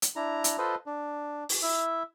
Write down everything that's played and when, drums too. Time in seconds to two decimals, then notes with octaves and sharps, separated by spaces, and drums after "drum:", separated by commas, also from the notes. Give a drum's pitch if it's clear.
0.02 drum: hi-hat
0.16 D4 E4 A#5
0.44 drum: hi-hat
0.58 F4 A4 B4 C5 D#5
0.86 D4
1.49 drum: open hi-hat
1.62 E4 E5